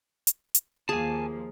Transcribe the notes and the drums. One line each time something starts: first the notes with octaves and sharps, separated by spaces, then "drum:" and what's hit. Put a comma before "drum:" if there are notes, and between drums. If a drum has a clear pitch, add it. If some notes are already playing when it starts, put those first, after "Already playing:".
drum: hi-hat
drum: hi-hat
D#2 F3 A#3 G#4 G#5 A5